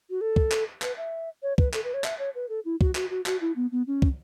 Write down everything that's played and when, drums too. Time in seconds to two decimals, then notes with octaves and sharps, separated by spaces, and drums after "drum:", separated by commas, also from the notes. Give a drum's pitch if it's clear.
0.10 F#4
0.21 A4
0.36 drum: kick
0.52 drum: clap
0.82 B4, drum: clap
0.97 E5
1.43 C#5
1.58 B4, drum: kick
1.73 A4, drum: clap
1.84 B4
1.94 C#5
2.04 E5, drum: clap
2.19 C#5
2.35 B4
2.49 A4
2.65 E4
2.81 F#4, drum: kick
2.95 F#4, drum: clap
3.10 F#4
3.26 F#4, drum: clap
3.41 E4
3.56 B3
3.72 B3
3.87 C#4
4.02 drum: kick